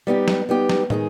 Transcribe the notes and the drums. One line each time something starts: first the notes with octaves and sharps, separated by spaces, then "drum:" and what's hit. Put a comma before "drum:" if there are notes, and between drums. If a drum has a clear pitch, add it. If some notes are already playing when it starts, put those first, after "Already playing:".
G3 B3 D#4 G4
drum: snare
G3 B3 D#4 G4
drum: snare
D#3 G#3 D#4 G#4, drum: tom